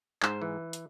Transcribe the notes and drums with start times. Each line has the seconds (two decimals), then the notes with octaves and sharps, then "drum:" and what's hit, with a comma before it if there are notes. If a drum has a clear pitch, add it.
0.23 G#2 C5, drum: clap
0.42 E3
0.73 drum: hi-hat